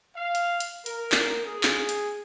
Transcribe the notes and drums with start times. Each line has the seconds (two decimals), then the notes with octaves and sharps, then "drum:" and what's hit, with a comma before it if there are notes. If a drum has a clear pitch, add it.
0.15 F5
0.35 drum: hi-hat
0.60 drum: hi-hat
0.86 A#4, drum: hi-hat
1.12 drum: clap
1.46 G#4
1.63 drum: clap
1.89 drum: hi-hat